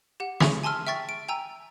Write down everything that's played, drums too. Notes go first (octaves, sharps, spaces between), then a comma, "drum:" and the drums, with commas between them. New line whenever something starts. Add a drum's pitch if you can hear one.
G4 F#5
G#4 E5 C#6, drum: snare
G#5 A5 C6 E6 F6
E5 G5 C#6 A6 B6
D7
G5 G#5 A#5 E6